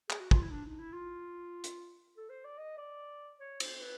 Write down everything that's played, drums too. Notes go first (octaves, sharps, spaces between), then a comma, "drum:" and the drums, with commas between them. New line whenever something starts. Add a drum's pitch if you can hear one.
G#4, drum: clap
F#4
F4, drum: kick
E4
D4
D#4
E4
F4
drum: hi-hat
A4
C5
D5
D#5
D5
C#5
C5, drum: cymbal
B4